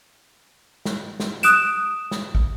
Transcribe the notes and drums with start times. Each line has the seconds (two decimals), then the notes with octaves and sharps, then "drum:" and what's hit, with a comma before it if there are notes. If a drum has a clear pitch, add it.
0.85 drum: snare
1.20 drum: snare
1.43 D#6 F#6 D7 E7, drum: hi-hat
2.11 drum: snare
2.35 drum: kick